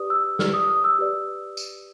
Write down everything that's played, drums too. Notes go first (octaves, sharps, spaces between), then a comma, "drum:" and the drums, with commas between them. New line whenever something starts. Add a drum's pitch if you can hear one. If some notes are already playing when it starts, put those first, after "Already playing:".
Already playing: G4 B4 D5 D#6
E6
G4 B4 D5 F6, drum: snare
D#6
D#6
E6
G4 B4 D5
drum: tambourine